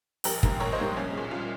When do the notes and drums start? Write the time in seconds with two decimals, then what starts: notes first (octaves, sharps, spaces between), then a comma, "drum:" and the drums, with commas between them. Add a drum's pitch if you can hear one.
0.24 A#1 G4 A#4, drum: open hi-hat
0.43 G#2 G3 A#3, drum: kick
0.60 A#1 A#4 C#5
0.72 C5 D#5
0.79 G#2 G3 A#3
0.96 C2 C#4
1.13 A#2 G#3
1.31 C2 C#4 F4